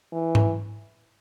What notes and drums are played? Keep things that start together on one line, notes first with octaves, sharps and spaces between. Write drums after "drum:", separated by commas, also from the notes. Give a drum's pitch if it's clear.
E3
drum: tom G#2